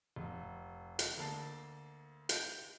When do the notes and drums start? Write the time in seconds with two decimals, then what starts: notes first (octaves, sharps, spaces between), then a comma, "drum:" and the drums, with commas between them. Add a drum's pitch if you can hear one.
0.16 F1
0.99 drum: hi-hat
1.17 D2 A#3 A4 A5 A6 C7
2.29 G6 D7, drum: hi-hat